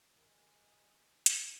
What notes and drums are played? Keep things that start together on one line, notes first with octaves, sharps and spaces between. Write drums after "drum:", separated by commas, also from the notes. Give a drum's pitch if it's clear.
D#3 G#3 G4 D#6
drum: hi-hat